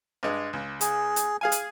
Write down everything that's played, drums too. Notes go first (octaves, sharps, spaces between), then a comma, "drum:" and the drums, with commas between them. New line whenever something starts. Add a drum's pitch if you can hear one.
G2 G#3
C#2
G#4, drum: hi-hat
drum: hi-hat
G#4 F5 G#5
drum: hi-hat